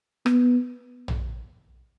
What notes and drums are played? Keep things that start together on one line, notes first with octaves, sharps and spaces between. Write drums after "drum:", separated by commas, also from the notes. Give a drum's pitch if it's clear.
B3, drum: rim click
drum: tom A#1